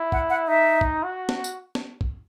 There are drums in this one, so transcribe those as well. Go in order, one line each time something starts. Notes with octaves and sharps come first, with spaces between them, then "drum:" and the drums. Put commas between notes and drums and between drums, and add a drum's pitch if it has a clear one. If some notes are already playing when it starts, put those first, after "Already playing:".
Already playing: E4
F#5, drum: kick
F#5
D#4 E5
drum: kick
F#4
drum: snare
drum: tambourine
drum: snare
drum: kick